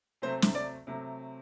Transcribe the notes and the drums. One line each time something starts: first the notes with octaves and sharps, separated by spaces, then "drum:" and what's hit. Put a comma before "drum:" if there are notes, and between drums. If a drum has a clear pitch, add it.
C3 F#3 A3 C4 C5
drum: snare
D5
C3 F#3 A3 C4